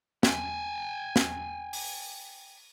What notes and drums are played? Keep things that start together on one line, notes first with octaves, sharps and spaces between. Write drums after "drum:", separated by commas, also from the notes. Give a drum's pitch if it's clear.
G5 G#5, drum: snare
drum: snare
drum: open hi-hat